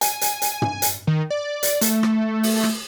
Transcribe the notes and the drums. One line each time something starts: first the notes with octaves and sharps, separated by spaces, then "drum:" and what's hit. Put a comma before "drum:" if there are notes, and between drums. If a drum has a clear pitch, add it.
G#5, drum: hi-hat
drum: hi-hat
drum: hi-hat
drum: tom
drum: hi-hat
D#3
D5
drum: hi-hat
A3, drum: hi-hat
drum: rim click
drum: open hi-hat
drum: rim click